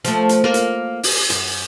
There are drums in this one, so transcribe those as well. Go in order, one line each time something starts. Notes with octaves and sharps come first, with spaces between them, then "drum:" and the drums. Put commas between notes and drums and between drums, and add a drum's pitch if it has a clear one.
F3 A3, drum: hi-hat
drum: hi-hat
A#3 F4 A#4
drum: hi-hat
drum: open hi-hat
F#2, drum: hi-hat